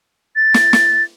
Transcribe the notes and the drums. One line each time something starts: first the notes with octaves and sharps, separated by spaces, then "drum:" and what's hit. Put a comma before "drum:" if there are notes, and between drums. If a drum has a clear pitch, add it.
A6
drum: snare
drum: snare